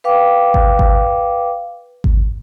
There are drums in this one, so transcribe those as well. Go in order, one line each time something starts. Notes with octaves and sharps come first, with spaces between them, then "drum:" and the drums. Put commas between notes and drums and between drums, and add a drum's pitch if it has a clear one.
B4 F5 G5 D6
drum: kick G#1
drum: kick G#1
drum: kick G#1